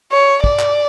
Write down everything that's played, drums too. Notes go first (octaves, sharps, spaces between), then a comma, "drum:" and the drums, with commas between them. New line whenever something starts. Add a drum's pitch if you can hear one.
C#5
D5, drum: kick
drum: clap